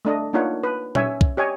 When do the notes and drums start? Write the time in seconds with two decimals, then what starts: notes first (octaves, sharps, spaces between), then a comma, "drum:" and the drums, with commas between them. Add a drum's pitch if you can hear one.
0.05 A3 D4 D#5
0.33 A#3 D4 D#4 F4 C#5 F#5
0.63 B4
0.95 C#4 C#5 E5 G#5, drum: tom A#2
1.21 drum: kick
1.37 G4 C#5 D#5 G#5